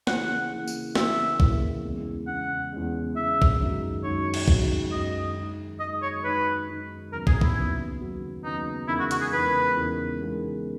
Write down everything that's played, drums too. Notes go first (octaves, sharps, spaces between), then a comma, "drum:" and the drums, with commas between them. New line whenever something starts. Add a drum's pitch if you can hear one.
C#3 E3 A#3 E4 G#4 F#5, drum: snare
C#3 E3 A#3 E4 G#4
drum: tambourine
C#3 E3 A#3 E4 G#4 E5, drum: snare
C#3 E3 A#3 E4 G#4, drum: kick
E2 C#3 G#3
E2 C#3 G#3 F#5
E2 C#3 G#3
E2 C#3 G#3 E5
drum: kick
F#2 D#3 G#3 D#4 F#4
F#2 D#3 G#3 D#4 F#4 C#5
drum: cymbal
F#2 D#3 G#3 D#4 F#4, drum: kick
F#2 D#3 G#3 D#4 F#4 D#5
D#3 G#3 D#4
D#3 G#3 D#4 D#5
C#5
D#3 G#3 D#4 B4
D#3 G#3 D#4
D#2 C#3 F#3 B3 A#4
G#4, drum: kick
E4, drum: kick
D#2 C#3 F#3 B3
D#2 C#3 F#3 B3
D#2 C#3 F#3 B3 D#4
E2 C#3 G#3 D#4 E4 A#4
F#4
F#4, drum: hi-hat
G#4
E2 C#3 G#3 D#4 A#4 B4
E2 C#3 G#3 D#4 A#4
E2 C#3 G#3 D#4 A#4